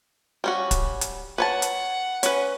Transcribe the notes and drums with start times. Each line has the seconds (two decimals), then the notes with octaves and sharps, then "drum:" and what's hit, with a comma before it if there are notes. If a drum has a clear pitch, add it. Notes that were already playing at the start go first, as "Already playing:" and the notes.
0.44 G3 C#4 F#4
0.71 drum: kick, hi-hat
1.01 drum: hi-hat
1.38 B4 C#5 F#5 A5
1.62 drum: hi-hat
2.23 C#4 B4, drum: hi-hat